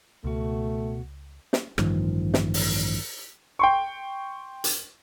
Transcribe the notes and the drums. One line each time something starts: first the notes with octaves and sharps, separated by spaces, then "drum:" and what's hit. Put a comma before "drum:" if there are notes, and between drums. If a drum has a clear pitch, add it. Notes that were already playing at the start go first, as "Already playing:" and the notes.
C#2 B2 A3 F#4
drum: snare
A1 G2 D#3 F3, drum: rim click
drum: snare
drum: open hi-hat
G5 C6 C#6
drum: hi-hat